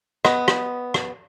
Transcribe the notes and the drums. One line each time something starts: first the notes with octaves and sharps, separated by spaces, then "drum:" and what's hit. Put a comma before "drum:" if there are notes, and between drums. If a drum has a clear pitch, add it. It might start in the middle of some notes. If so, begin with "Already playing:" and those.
B3 D#5, drum: rim click
drum: rim click
drum: rim click